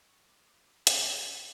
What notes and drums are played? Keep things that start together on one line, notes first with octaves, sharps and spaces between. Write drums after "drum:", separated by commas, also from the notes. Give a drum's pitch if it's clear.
C#6
D6
D#6
D6
C#6, drum: hi-hat
F6
F#6